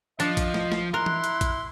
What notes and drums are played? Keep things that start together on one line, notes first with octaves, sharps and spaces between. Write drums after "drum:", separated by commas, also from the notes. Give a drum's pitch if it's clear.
F3 D4 D#5, drum: hi-hat
drum: kick A1, hi-hat
drum: snare
drum: snare
E4 A#4 C6 F#6
drum: tom E3
drum: hi-hat
drum: kick A1, hi-hat